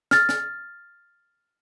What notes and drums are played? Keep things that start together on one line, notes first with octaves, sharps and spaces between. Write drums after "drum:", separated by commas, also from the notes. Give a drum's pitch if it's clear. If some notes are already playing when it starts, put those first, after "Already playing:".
F6 A6, drum: snare
drum: snare